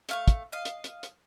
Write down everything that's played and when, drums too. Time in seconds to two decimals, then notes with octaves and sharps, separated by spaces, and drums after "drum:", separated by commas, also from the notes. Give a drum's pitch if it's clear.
0.09 A3 F5 C#6, drum: hi-hat
0.28 drum: kick, hi-hat
0.52 D#5 F5
0.65 drum: hi-hat
0.84 drum: hi-hat
1.03 drum: hi-hat